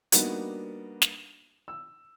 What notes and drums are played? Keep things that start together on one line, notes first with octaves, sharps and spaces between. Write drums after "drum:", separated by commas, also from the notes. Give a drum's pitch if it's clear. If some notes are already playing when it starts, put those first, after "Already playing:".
G3 A#3 B3 D4 D#4 F#4, drum: hi-hat
drum: snare
E6